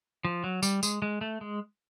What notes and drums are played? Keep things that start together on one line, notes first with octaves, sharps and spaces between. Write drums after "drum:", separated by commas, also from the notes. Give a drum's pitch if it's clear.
F3
F#3
G3, drum: tambourine
G#3, drum: tambourine
G#3
A3
G#3